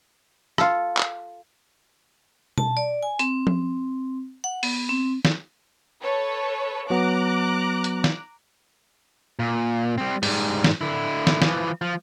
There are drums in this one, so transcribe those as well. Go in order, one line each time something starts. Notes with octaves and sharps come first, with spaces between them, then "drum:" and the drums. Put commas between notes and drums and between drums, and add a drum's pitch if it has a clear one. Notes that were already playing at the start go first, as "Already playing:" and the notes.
F4 A4, drum: rim click
drum: clap
A5, drum: tom B2
D5
G#5
C4, drum: hi-hat
drum: tom F3
F#5
B3, drum: open hi-hat
C4
drum: snare
A4 B4 C#5
F#3 B3 A#5 D6 F#6
drum: hi-hat
drum: snare
A#2
G3 C4
G#2 G3, drum: open hi-hat
drum: snare
D3 E4
drum: snare
E3 F3, drum: snare
F3